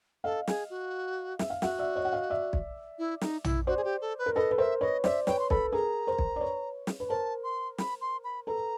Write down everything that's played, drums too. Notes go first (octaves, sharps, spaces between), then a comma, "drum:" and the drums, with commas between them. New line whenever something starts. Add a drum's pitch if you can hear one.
A4 D#5 F5
G#4, drum: snare
F#4
E5, drum: snare
F5
F#4 E5 F#5, drum: snare
D5 E5
C#5 D#5
F#5
D#5 F5
D5 E5
drum: kick B1
E4
D#4, drum: snare
E4, drum: tom
F#4 C5 D5
G#4
G4
A4
B4
A#4
A4 B4 D#5
B4
A#4 C5 E5
B4 C#5 D#5
C5 D5 E5, drum: snare
B4 C#5 G5, drum: snare
C6
A4 B4 B5, drum: kick B1
G#4 A#4 A#5
A#4 C5
drum: kick B1
D5
B4 C#5
drum: snare
B4
A#4 C5 A5
C6
B5, drum: snare
C6
B5
A4 B4 A#5